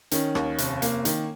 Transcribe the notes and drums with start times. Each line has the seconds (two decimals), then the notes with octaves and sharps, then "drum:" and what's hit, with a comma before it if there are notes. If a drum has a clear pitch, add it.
0.11 D#3 C#4, drum: hi-hat
0.35 D#2, drum: rim click
0.58 F1, drum: hi-hat
0.82 A#3, drum: hi-hat
1.05 D#3, drum: hi-hat